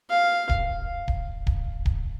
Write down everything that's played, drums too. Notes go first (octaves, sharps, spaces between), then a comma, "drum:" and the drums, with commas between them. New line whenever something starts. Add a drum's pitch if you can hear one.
F5
drum: kick D1
drum: kick D1
drum: kick D1
drum: kick D1